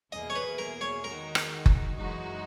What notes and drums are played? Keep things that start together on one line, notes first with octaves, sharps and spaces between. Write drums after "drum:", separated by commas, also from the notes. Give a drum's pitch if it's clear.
E2 B2 A#3 E4 G#4 D#5
C#5
B4
A#4
C#5
D#3 G#3 D#4 F#4 A#4
drum: rim click
drum: kick F#1
F#2 E3 G#3 D#4 F#4